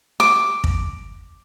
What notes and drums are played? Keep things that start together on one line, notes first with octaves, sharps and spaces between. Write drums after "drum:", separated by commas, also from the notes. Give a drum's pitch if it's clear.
D6
drum: kick